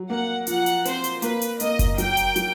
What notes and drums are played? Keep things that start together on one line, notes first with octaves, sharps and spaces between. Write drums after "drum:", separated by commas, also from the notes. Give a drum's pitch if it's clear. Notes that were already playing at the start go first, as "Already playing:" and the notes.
Already playing: F#3
A#3 F#5
F3 F#5, drum: hi-hat
drum: hi-hat
C4 C5, drum: hi-hat
drum: hi-hat
A#3 B4, drum: hi-hat
drum: hi-hat
A#3 D#5, drum: hi-hat
drum: kick F#1, hi-hat
F#3 G5, drum: hi-hat
drum: hi-hat
F#3, drum: hi-hat